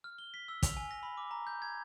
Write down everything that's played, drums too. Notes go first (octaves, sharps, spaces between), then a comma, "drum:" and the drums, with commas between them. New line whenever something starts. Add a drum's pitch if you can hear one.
F6
G7
B6
E6
F7, drum: kick, hi-hat
G#5
A#6
B5
D6
A#5
G6
G#6